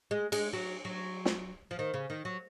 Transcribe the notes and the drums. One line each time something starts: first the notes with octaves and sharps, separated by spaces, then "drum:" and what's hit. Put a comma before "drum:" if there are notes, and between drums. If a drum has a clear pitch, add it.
G#3
G#3, drum: cymbal
F#3
F#3
drum: snare
F3
D#3
C#3
D#3
F#3